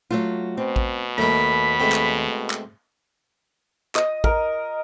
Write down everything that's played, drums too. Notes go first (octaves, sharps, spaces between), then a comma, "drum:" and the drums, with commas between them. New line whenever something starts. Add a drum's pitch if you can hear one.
F#3 A3 F4
B2 C4
drum: kick
D#2 A3 A#4 B5
G#3 A3 C4
drum: clap
drum: clap
D#5, drum: clap
A#4, drum: kick